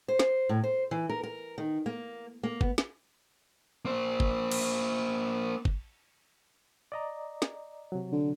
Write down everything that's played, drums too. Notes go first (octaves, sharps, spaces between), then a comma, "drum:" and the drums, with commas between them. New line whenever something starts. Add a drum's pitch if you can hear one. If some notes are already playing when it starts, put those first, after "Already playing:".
C5
drum: snare
A2
C5
E3
A#4
A#4
D#3
A#3
A#3
B3, drum: kick
drum: snare
A#3 C5
drum: kick
drum: cymbal
drum: kick
D5 D#5 A#5
drum: snare
C3 F#3
D3